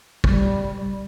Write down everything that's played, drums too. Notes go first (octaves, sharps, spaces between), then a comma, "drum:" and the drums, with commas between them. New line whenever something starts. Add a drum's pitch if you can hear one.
G3, drum: kick